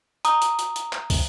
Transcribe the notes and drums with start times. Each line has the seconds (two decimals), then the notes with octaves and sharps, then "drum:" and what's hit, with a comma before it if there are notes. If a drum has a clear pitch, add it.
0.25 A#5 D#6, drum: hi-hat
0.42 drum: hi-hat
0.59 drum: hi-hat
0.76 drum: hi-hat
0.93 drum: clap
1.10 drum: kick, open hi-hat